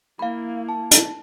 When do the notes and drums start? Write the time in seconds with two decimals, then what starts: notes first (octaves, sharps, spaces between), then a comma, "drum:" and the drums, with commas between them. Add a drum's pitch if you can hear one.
0.19 A#3 E4 F5 B5
0.69 A5
0.91 drum: hi-hat